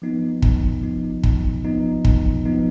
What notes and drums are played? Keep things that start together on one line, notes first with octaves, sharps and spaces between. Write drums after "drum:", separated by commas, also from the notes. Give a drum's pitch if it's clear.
F3 B3 D#4
drum: kick
F3 B3 D#4
drum: kick
F3 B3 D#4
drum: kick
F3 B3 D#4